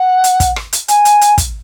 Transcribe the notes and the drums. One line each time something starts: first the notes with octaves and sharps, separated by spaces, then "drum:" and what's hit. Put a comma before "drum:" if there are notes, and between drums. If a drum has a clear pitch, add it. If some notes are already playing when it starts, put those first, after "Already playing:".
Already playing: F#5
drum: hi-hat
drum: kick, hi-hat
drum: rim click
drum: hi-hat
G#5, drum: hi-hat
drum: hi-hat
drum: hi-hat
drum: kick, hi-hat